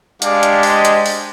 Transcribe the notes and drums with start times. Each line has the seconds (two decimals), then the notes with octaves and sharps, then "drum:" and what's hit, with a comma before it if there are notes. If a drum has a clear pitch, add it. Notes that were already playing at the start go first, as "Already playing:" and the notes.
0.22 G#3 D4 G4 D5 F5, drum: hi-hat
0.43 drum: hi-hat
0.63 C5 D#5, drum: open hi-hat
0.85 drum: hi-hat
1.06 drum: open hi-hat